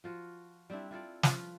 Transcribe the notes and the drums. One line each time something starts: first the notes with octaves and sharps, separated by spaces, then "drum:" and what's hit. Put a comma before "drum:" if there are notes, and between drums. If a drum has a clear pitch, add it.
F3 F4 F#4
G3 C4 D4 E4
E4 F4 A4 D5
F3 F4 B4, drum: snare